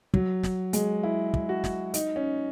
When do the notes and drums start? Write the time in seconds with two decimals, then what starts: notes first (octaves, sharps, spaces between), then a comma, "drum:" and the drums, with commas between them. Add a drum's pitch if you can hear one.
0.14 F#3, drum: kick
0.43 drum: snare
0.73 G#3, drum: hi-hat
1.03 E4
1.34 drum: kick
1.49 F#4
1.64 drum: snare
1.94 D#4, drum: hi-hat
2.16 C#4